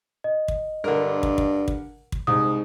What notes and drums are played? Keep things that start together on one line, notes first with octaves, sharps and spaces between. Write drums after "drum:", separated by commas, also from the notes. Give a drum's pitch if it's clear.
D#5
drum: kick
G2 D3 A#4
drum: kick
drum: kick
drum: kick
drum: kick
C2 G#2 D#6